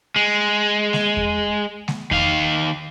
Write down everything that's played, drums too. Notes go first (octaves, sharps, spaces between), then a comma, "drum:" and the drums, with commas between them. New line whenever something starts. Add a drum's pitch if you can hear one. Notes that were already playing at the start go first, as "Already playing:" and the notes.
G#3
drum: snare G#3
drum: kick E2
drum: snare G#3
D#3 F5, drum: kick E2